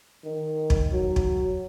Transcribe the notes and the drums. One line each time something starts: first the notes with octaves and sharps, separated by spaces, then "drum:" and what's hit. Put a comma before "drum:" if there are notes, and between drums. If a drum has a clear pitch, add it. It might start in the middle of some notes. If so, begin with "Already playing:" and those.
D#3
drum: kick
F#3
drum: kick